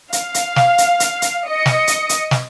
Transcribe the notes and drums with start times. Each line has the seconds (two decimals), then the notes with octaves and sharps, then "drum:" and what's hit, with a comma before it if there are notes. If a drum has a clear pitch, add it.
0.13 F5, drum: hi-hat
0.34 drum: hi-hat
0.56 drum: snare
0.78 drum: hi-hat
1.00 drum: hi-hat
1.22 drum: hi-hat
1.47 D#5 C#7
1.66 drum: snare
1.87 drum: hi-hat
2.09 drum: hi-hat
2.31 drum: snare